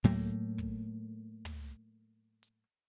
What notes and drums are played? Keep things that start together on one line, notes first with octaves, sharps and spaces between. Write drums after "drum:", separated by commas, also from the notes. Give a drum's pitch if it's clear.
A2 F#3 A3 A#3, drum: tom
drum: kick
drum: tom
drum: hi-hat